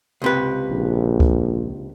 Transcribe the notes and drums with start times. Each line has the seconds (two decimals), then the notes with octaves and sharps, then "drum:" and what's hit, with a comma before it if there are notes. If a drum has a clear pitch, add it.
0.22 C#2 C3 B4
0.71 A#1
1.20 drum: kick C#2